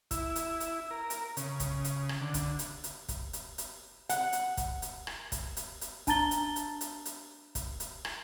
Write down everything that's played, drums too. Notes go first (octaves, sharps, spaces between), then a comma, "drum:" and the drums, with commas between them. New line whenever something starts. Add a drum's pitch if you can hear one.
E4, drum: kick, hi-hat
drum: hi-hat
drum: hi-hat
A#4
drum: hi-hat
C#3, drum: hi-hat
drum: kick, hi-hat
drum: hi-hat
drum: rim click
D3
drum: kick, hi-hat
drum: hi-hat
drum: hi-hat
drum: kick, hi-hat
drum: hi-hat
drum: hi-hat
F#5, drum: hi-hat
drum: hi-hat
drum: kick, hi-hat
drum: hi-hat
drum: rim click
drum: kick, hi-hat
drum: hi-hat
drum: hi-hat
D4 A5 A#5 A6 G7, drum: kick, hi-hat
drum: hi-hat
drum: hi-hat
drum: hi-hat
drum: hi-hat
drum: kick, hi-hat
drum: hi-hat
drum: rim click